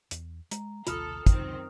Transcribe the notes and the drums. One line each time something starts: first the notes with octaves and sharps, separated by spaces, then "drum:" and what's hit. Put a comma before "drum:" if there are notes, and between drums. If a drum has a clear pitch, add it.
E2, drum: hi-hat
G#3 A#5, drum: hi-hat
A#1 D#2 C3 F4 A4 D#6 F6 F7, drum: hi-hat
C#2 F#2 C3 D#3 C4, drum: kick, hi-hat